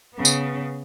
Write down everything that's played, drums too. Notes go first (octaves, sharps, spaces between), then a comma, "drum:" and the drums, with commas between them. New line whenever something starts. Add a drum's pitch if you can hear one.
C#3 B3
drum: tambourine